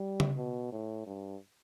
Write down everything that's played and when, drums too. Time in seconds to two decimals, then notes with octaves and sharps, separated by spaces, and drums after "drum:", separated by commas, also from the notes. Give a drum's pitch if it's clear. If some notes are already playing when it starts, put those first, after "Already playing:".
Already playing: G3
0.20 drum: tom C#3
0.38 B2
0.72 A2
1.06 G2